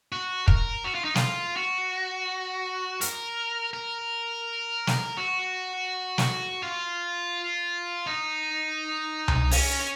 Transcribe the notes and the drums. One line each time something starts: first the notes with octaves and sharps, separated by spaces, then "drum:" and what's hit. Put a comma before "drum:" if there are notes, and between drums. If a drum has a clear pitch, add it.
F#4
A#4, drum: kick
F#4
F4
D#4
F4, drum: snare
F#4
A#4, drum: hi-hat
A#4
drum: snare
F#4
drum: snare
F4
D#4
drum: tom C2
C#4, drum: open hi-hat